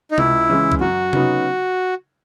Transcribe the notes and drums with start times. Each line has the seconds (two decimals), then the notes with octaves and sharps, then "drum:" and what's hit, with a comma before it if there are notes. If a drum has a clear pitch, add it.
0.12 D#4
0.18 C#2 E4, drum: tom C3
0.49 C#3 E3 G#3
0.72 drum: kick
0.81 F#2 F#4
1.13 C#3 F#3 B3 D#4, drum: tom C3